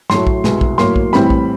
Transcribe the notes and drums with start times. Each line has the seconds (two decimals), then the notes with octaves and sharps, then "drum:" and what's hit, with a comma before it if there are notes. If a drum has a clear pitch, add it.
0.10 A2 F#3 A3 C6, drum: snare
0.27 drum: kick A#1
0.44 C2 B2 G#3, drum: snare
0.61 drum: kick A#1
0.78 A2 F#3 A#3 C6, drum: snare
0.96 drum: kick A#1
1.13 A2 E3 G3 C4 B5, drum: snare
1.30 drum: kick A#1